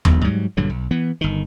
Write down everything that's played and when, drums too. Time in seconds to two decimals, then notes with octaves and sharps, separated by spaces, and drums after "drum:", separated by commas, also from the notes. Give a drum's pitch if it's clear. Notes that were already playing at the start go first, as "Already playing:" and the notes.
0.05 E1 B1, drum: tom D#2
0.24 G#2 F#3 G3
0.57 A#1 G2 D3 F#3
0.70 B1
0.91 E3 B3
1.21 G1 D#3